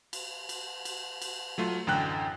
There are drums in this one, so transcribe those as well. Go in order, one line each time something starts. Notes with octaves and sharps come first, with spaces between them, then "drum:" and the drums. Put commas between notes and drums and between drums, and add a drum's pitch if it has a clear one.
drum: cymbal
drum: cymbal
drum: cymbal
drum: cymbal
F#3 A3 F4
A1 F#2 D3 G5 F#6